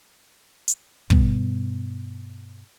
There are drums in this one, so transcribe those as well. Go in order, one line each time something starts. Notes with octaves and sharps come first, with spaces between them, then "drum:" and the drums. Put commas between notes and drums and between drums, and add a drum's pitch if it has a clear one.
drum: hi-hat
G2 B2 G3 B3, drum: kick